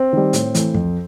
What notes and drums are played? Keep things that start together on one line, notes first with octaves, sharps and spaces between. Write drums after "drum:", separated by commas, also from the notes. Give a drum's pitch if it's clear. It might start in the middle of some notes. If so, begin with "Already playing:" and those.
Already playing: C4
D#3 G3
A2, drum: hi-hat
E3 A3, drum: hi-hat
F2, drum: kick